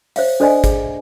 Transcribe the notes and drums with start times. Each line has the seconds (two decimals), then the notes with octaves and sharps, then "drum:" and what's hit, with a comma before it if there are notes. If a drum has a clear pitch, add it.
0.16 C5 C#5 E5 F5, drum: open hi-hat
0.40 D4 A4 C5 D5 D#5 G#5
0.64 G#4, drum: kick, hi-hat